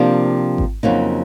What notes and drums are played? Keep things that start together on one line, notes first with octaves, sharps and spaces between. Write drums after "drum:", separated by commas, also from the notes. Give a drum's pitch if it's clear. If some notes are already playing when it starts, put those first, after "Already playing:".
Already playing: C3 F3 A#3 D4 G4
drum: kick G#1
F2 C#3 F#3 A#3 D#4